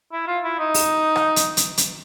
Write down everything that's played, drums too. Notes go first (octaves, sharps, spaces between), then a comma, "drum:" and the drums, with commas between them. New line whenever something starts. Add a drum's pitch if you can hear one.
E4
F4
E4
D#4
drum: open hi-hat
drum: rim click
drum: hi-hat
drum: hi-hat
drum: hi-hat